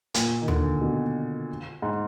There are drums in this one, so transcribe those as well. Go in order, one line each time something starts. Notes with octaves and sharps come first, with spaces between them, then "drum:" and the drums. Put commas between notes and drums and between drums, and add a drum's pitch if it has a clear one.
A#2, drum: hi-hat
D#3
D3, drum: tom D#2
B2
G#2